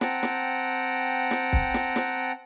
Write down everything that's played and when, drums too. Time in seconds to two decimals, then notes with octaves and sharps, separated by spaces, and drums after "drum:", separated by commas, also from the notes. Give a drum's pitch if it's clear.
0.01 C4 F#5 G5 A5 A#5, drum: snare
0.23 drum: snare
1.31 drum: snare
1.53 drum: kick
1.74 drum: snare
1.96 drum: snare